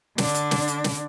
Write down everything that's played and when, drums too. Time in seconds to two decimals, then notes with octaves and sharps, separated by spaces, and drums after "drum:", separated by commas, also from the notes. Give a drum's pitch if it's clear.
0.18 D3 D4, drum: snare
0.35 drum: hi-hat
0.51 drum: snare
0.68 drum: hi-hat
0.84 drum: snare